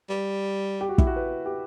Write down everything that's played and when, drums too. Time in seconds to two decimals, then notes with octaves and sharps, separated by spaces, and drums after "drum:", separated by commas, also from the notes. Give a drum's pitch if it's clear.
0.09 G3
0.81 G4
0.89 F#4
0.98 E4, drum: kick
1.07 F#4
1.16 B4
1.46 G4